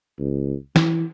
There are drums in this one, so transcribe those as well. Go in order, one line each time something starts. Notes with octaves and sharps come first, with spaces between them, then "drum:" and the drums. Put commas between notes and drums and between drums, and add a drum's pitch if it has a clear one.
C#2
E3, drum: snare